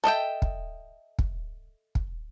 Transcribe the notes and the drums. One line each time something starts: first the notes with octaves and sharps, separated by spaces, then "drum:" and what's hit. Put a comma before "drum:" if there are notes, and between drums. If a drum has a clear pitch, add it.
A4 D#5 E5 G5
drum: kick
drum: kick
drum: kick